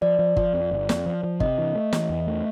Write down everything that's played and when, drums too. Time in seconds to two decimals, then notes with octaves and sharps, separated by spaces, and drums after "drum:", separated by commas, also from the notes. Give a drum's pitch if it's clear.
0.02 F3 D5
0.19 F3
0.37 F3, drum: kick G1
0.54 F2
0.71 G1
0.89 F2, drum: snare
1.06 F3
1.24 F3
1.40 C3 D#5, drum: kick G1
1.58 E3
1.75 A3
1.93 E3, drum: snare
2.10 E2
2.27 A3